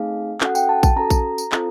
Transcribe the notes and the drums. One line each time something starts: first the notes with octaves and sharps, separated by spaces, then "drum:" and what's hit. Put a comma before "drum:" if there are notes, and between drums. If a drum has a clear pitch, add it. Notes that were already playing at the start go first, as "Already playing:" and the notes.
Already playing: A3 C4 D#4 G#4 F5
C#4 F#4 A4 F#5, drum: clap
G5, drum: tambourine
A5
A5, drum: kick A#1, tambourine
C#4 F#4 A4 A#5
drum: kick A#1, tambourine
drum: tambourine
C4 F4 A4, drum: clap